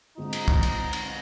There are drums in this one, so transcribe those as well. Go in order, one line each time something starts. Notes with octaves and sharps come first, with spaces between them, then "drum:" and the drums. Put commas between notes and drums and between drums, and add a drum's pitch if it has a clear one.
D3 G#3 C4 D#4 F4
drum: cymbal
drum: kick
drum: cymbal
drum: cymbal